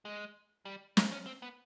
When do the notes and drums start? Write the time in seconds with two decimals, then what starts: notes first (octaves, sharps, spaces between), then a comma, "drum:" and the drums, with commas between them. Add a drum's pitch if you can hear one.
0.05 G#3
0.65 G3
0.97 G#3, drum: snare
1.12 C#4
1.26 C4
1.42 B3